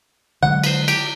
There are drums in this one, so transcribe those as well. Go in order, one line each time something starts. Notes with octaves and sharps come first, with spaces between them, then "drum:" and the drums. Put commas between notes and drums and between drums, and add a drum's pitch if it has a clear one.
D3 F#3 G#3 F#5
B4 C5, drum: cymbal
G4, drum: cymbal